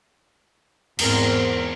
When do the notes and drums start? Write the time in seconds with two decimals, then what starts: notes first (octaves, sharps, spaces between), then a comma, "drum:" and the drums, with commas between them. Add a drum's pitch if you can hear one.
0.99 E2 G#2 C4 A#4, drum: cymbal